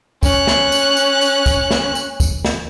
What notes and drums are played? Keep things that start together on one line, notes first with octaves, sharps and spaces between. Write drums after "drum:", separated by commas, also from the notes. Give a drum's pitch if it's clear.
C#4 F#6, drum: kick, tambourine
drum: snare
drum: tambourine
drum: tambourine
drum: tambourine
drum: kick, tambourine
drum: snare
drum: tambourine
drum: kick, tambourine
drum: snare